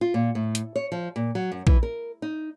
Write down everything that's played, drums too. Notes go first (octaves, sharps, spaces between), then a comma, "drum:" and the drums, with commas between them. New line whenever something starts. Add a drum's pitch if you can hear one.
F4
A#2
A2
drum: hi-hat
C#5
F3
A#2
F#3
F#2
E3, drum: kick A#1
A#4
D#4